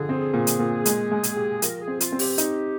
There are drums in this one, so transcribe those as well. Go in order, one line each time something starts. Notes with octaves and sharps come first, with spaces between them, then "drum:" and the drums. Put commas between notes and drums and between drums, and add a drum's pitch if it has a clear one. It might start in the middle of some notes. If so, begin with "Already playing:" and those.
Already playing: D3 F3 G#4
C4
A#2
drum: hi-hat
A#2
G#3, drum: hi-hat
G#3
drum: hi-hat
G4
F3 A#4, drum: hi-hat
G#4
C4
F4, drum: hi-hat
C4
G4, drum: open hi-hat
D#4, drum: hi-hat